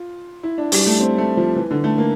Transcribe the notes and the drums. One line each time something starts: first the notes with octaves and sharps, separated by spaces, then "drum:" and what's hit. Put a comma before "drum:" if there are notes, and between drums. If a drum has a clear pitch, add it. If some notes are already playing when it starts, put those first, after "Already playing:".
Already playing: F4
E4
D4
G3, drum: open hi-hat
A3
C4
A3
F3
E3
D3
A3
A#3